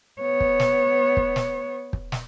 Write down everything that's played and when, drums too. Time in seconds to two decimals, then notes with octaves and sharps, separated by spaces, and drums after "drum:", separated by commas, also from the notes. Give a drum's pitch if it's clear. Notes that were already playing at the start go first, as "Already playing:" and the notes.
0.21 B3 C#5
0.41 drum: kick
0.60 drum: snare
1.17 drum: kick
1.36 drum: snare
1.93 drum: kick
2.12 drum: snare